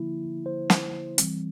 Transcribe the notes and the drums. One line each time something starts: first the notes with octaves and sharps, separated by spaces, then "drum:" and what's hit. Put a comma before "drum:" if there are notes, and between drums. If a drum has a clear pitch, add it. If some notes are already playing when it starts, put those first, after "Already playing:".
Already playing: D3 F3 A#3 E4
C5
drum: snare
E3 G3 C4, drum: hi-hat